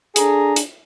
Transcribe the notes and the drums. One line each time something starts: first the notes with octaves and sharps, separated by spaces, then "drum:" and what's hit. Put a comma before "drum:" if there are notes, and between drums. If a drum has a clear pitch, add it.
D4 G#4 A4 A#5, drum: hi-hat
drum: hi-hat